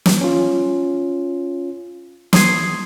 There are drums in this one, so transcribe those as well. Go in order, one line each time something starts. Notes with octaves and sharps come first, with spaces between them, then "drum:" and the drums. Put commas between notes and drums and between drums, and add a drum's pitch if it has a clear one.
drum: snare
C#4 F4
C6 D#6 G#6 C7, drum: snare